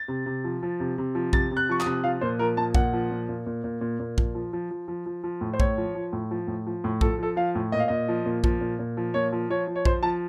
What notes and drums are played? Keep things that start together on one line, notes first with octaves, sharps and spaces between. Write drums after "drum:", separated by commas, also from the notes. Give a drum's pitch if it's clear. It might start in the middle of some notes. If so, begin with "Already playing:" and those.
Already playing: A6
C3
C3
F3
F3
C3
C3
F3
C3 A6, drum: kick A#1
C3
F#6
F3 C#6
D#6, drum: clap
C3
F3 F5
A#2 C5
F3 A#4
A#2 A5
A#2 F#5, drum: kick A#1
F3
A#2
A#2
A#2
A#2
A#2
A#2
F3, drum: kick A#1
F3
F3
F3
F3
F3
F3
A2
C5
A2 C#5, drum: kick A#1
F3
F3
A2
F3
A2
F3
A2
F3 A4, drum: kick A#1
F3 A4
F3 F5
A2
A#2 D#5
F5
A#2 D#5
F3
A#2
F3, drum: kick A#1
A#2
A#2
F3
A#2 C#5
F3
F3 C#5
F3
C#5
F3 C5, drum: kick A#1
F3 A5